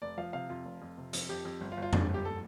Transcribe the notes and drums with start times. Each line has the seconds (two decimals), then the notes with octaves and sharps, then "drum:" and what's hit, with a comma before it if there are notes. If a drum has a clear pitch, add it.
0.02 F1 D5
0.17 F3 F5
0.33 C3 F5
0.49 F2 F4
0.65 F1
0.82 F2
0.98 C3
1.13 F2, drum: hi-hat
1.29 F2 G4
1.45 F2
1.61 G1
1.72 F4
1.77 G1
1.82 F4
1.93 F2 D4, drum: tom F2
2.09 G1
2.14 G4
2.25 A4